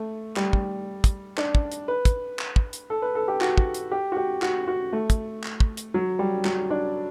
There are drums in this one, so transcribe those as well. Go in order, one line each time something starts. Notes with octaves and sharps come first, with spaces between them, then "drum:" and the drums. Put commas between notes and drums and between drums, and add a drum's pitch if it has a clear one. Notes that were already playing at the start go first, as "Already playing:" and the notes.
Already playing: A3
G3, drum: clap
drum: kick
drum: kick, hi-hat
D4, drum: clap
drum: kick
drum: hi-hat
B4
drum: kick, hi-hat
drum: clap
drum: kick
drum: hi-hat
A4
B4
A4
G4
F#4, drum: clap
drum: kick
drum: hi-hat
G4
F#4
G4
F#4, drum: clap
F#4
A3
drum: kick, hi-hat
drum: clap
drum: kick
drum: hi-hat
F#3
G3
F#3, drum: clap
D4